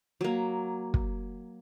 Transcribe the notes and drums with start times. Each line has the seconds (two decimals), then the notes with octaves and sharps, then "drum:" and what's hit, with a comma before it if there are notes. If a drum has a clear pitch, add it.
0.21 F#3 A#3
0.94 drum: kick